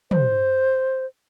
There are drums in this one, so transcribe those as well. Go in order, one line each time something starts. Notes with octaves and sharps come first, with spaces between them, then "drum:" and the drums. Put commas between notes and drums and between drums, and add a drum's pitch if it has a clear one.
C5, drum: tom